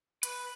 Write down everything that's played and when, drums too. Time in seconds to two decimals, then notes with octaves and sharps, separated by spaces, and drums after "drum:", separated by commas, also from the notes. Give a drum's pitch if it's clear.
0.23 B4, drum: hi-hat